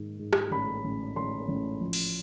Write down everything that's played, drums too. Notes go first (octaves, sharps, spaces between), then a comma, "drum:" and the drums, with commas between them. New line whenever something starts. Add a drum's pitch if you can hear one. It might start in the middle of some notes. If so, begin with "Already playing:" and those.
Already playing: G#2 D#3
G#2
drum: rim click
A1 B5
A1
A1 C6
A1
F3
drum: cymbal